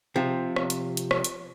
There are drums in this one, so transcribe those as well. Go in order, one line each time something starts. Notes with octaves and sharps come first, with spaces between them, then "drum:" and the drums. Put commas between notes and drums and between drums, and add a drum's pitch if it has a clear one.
C3 F3
drum: rim click
drum: hi-hat
drum: hi-hat
drum: rim click
drum: hi-hat